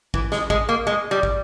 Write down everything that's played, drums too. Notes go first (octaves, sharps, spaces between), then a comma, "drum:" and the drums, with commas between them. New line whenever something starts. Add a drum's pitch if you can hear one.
E3, drum: kick
G#3, drum: snare
G#3, drum: kick
A#3
G#3
G3
drum: kick